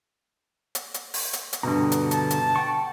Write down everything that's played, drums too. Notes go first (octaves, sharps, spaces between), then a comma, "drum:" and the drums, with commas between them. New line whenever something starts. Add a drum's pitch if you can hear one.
drum: hi-hat
drum: hi-hat
drum: open hi-hat
drum: hi-hat
drum: hi-hat
G2 B2 D3 A#5
drum: hi-hat
A5, drum: hi-hat
drum: hi-hat
F#5 G5 C#6